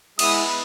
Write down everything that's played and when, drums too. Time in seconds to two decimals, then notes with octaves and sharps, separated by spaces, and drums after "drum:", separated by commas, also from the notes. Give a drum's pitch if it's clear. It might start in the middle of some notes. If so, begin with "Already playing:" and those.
0.19 G#3 B3 E4 D#6, drum: cymbal